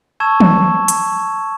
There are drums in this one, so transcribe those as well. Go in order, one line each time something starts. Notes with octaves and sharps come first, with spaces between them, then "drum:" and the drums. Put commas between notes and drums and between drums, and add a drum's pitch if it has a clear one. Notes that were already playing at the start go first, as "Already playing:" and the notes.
A5 C#6 E6 G#6 E7
drum: tom
drum: hi-hat